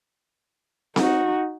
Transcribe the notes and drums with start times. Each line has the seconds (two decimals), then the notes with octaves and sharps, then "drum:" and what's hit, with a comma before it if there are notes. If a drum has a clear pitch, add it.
0.96 D#4 F#4, drum: snare C4